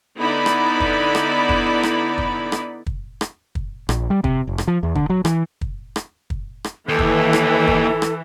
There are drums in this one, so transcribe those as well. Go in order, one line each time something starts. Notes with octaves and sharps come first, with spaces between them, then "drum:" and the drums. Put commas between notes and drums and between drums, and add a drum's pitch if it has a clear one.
D3 B3 D#4 E4 D5 B5
drum: rim click
drum: kick
drum: rim click
drum: kick
drum: rim click
drum: kick
drum: rim click
drum: kick
drum: rim click
drum: kick
A#1, drum: rim click
G3
C3, drum: kick
F1
drum: rim click
F3
E2
D3, drum: kick
F#3
E3, drum: rim click
drum: kick
drum: rim click
drum: kick
drum: rim click
D#2 E3 A4
drum: kick
drum: rim click
drum: kick
drum: rim click